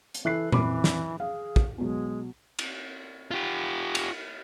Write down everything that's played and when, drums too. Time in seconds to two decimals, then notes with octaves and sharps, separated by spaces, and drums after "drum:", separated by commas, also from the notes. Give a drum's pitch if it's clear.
0.14 drum: hi-hat
0.25 E3 A4 F#6 C7
0.52 F2 E3 B5 D6, drum: tom A#2
0.84 drum: snare
1.20 G#4 F5
1.56 drum: kick
1.78 B2 F#3 G#3
2.59 drum: cymbal
3.31 F4 G4
3.95 drum: cymbal